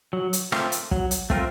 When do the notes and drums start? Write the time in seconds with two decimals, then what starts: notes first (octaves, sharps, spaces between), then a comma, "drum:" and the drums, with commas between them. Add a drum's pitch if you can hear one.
0.13 F#3
0.33 drum: hi-hat
0.52 A3 C4 F4 A#4, drum: rim click
0.72 drum: hi-hat
0.91 F#3, drum: kick
1.11 drum: hi-hat
1.30 A3 C4 F4 A#4, drum: kick